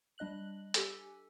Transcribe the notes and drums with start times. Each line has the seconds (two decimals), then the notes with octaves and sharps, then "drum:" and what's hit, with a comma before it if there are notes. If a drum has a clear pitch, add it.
0.18 G3 D4 D#5 F#6 F#7
0.74 G4 A4 G#5, drum: hi-hat